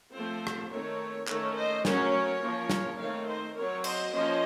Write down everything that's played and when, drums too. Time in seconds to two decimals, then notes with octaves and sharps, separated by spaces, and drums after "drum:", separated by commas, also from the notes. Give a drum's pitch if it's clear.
0.14 F3 A3 C4 A4 C5
0.47 drum: rim click
0.71 D#3 A3 C4 A#4 C#5
1.28 D#3 A3 C#4 A#4 C#5, drum: clap
1.57 C5 D#5
1.85 F#3 A3 C#4 A#4 C#5, drum: snare
2.42 F3 A#3 C#4
2.70 drum: snare
2.98 D#3 A3 C4 C#5 F5
3.27 C5 D#5
3.56 F#3 C4 A#4 C#5
3.84 C5 D#5, drum: cymbal
4.13 F3 A#3 C#4 C5 D#5